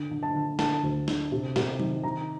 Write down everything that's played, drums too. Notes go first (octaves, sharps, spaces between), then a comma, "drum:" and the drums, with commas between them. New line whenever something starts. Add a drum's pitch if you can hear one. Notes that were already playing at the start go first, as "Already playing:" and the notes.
Already playing: D3
D3
A5
D3
D3 A5, drum: snare
D2
D3, drum: snare
C3
C3, drum: snare
D#3, drum: tom F#3
D#3 A#5